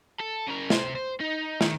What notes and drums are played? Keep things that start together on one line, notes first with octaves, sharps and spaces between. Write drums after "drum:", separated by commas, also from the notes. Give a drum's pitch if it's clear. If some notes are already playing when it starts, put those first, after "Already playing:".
A4
C#3 A#4
C3 C5, drum: snare
C5
D#4
D#3, drum: snare